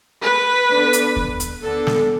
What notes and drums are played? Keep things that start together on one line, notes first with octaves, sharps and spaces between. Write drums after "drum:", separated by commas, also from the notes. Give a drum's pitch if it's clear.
B4
D3 B3 D4
drum: hi-hat
drum: kick D#2
drum: hi-hat
D3 B3 D4 A4
drum: snare